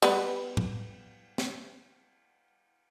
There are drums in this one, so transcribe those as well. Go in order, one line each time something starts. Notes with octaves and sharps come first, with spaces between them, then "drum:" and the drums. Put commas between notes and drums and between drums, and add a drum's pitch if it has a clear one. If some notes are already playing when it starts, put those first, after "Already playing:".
G3 B3 B4, drum: cymbal
drum: tom A2
drum: snare